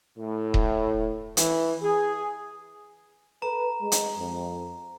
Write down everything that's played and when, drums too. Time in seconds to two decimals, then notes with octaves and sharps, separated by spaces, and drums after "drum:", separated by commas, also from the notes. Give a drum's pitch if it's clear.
0.17 A2
0.54 drum: kick D#1
1.37 E3, drum: hi-hat
1.82 G#4
3.42 A4 B4 A#5
3.81 G#3
3.92 drum: hi-hat
4.17 F2